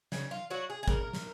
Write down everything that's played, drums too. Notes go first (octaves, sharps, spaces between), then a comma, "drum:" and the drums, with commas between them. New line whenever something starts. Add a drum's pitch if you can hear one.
C#3, drum: snare
F4
F#3 F#4
G#4
G#4
C#3 A#4, drum: kick
drum: snare